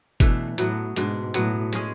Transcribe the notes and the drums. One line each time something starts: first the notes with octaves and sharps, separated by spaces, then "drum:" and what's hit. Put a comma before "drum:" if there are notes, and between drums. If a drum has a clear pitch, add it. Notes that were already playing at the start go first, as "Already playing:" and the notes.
B2 E3 A3 D4, drum: kick G1, hi-hat
A2 F#3 B3 F#4, drum: hi-hat
G#2 B2 G#3 D4, drum: hi-hat
A2 F#3 B3 F#4, drum: hi-hat
G#3 C#4 G#4, drum: hi-hat